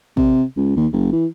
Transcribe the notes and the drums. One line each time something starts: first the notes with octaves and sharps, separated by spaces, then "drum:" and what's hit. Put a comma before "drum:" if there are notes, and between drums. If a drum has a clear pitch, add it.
C3, drum: kick A1
C#2
D#2
F#1
E3